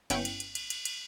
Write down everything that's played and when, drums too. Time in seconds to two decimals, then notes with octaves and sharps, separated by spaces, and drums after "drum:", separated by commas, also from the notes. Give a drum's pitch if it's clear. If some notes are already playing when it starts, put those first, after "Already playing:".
0.10 G1 B3 C#4 E4 G5 C#7, drum: cymbal
0.25 drum: cymbal
0.40 drum: cymbal
0.55 drum: cymbal
0.70 drum: cymbal
0.85 drum: cymbal